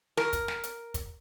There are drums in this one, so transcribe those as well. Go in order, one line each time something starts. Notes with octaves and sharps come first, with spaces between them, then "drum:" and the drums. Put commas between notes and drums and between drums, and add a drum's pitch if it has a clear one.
A#4, drum: snare
drum: kick, hi-hat
drum: snare
drum: hi-hat
drum: kick, hi-hat